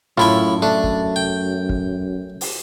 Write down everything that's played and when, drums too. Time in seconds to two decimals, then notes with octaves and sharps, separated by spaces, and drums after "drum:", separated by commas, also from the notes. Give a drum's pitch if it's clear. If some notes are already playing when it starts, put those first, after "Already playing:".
0.18 F#2 A2 E4 F4 E5, drum: snare
0.62 A3 D4
0.84 drum: kick
1.16 G5
1.69 drum: kick
2.41 drum: open hi-hat